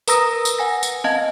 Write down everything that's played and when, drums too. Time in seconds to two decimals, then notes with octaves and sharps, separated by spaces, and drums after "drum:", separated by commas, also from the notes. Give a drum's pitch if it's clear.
0.08 A#4 B4 A#5 D#6 E6 A#6, drum: tambourine
0.45 drum: tambourine
0.59 F#5 G#5 A#6
0.83 drum: tambourine
1.04 C4 D#5 F5 A5 G#6